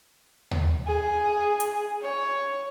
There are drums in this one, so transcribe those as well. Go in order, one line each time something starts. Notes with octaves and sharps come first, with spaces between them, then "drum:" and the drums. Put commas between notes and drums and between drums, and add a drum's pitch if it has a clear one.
drum: tom D#2
G#4
drum: hi-hat
C#5